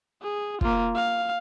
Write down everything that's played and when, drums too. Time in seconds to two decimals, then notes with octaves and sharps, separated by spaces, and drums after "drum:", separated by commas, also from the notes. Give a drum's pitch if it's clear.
0.23 G#4
0.61 A#3 F4, drum: kick
0.95 F5